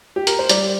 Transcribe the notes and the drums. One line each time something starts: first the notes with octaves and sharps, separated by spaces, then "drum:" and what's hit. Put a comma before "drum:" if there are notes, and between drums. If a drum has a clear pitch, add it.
G4
A#4, drum: hi-hat
C5
G3 D5, drum: hi-hat